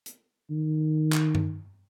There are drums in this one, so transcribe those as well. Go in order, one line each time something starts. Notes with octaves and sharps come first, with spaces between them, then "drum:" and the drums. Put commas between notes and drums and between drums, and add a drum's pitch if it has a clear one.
drum: hi-hat
D#3
drum: clap
drum: tom G2